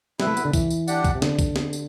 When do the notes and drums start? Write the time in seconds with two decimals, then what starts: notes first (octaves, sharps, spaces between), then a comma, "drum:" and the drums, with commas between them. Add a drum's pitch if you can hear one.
0.20 G3 E4 B4 E5, drum: snare
0.27 A3
0.37 B3, drum: tambourine
0.45 D3
0.53 E3, drum: kick C2, tambourine
0.70 drum: tambourine
0.88 D4 G4 D5 F#5, drum: tambourine
1.04 drum: kick C2, tambourine
1.15 C3
1.22 D3, drum: snare
1.39 drum: kick C2, tambourine
1.56 drum: snare
1.73 drum: tambourine